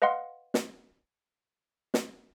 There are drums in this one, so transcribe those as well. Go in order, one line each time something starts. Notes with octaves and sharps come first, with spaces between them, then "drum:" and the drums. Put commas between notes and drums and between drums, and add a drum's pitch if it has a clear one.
B4 D#5 F5 F#5 C6
drum: snare
drum: snare